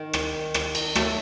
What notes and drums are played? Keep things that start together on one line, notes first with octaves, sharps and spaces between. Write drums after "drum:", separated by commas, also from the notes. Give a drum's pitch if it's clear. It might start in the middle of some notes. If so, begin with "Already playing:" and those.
Already playing: D#3
drum: rim click
drum: rim click
drum: cymbal
F#3 A3, drum: rim click